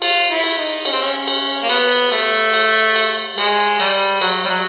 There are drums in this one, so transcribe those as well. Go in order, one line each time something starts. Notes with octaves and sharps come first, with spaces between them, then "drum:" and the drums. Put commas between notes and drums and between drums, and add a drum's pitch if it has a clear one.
F4, drum: cymbal
E4
drum: cymbal
D#4
C#4, drum: cymbal
C4
C#4
drum: cymbal
A#3
B3, drum: cymbal
A3, drum: cymbal
drum: cymbal
drum: cymbal
G#3, drum: cymbal
G3, drum: cymbal
F#3, drum: cymbal
G3
F#3